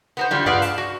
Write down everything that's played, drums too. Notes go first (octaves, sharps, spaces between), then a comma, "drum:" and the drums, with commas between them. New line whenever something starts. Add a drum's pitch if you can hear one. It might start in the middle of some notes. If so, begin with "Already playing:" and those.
B3 A#4 C5
D3 G3 F4, drum: tom
F4 G#4 B4 D5 F5 F#5, drum: tom G2
A5, drum: hi-hat
F#4